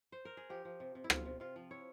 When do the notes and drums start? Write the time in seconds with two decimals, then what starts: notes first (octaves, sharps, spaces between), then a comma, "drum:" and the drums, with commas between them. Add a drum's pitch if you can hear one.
0.12 C5
0.25 A#4
0.37 G#4
0.50 F3 G4
0.65 F3
0.80 C3
0.95 C3
1.04 E4
1.10 C3 F4, drum: rim click
1.25 C3
1.40 C3 F4
1.56 F3
1.71 E4 C#5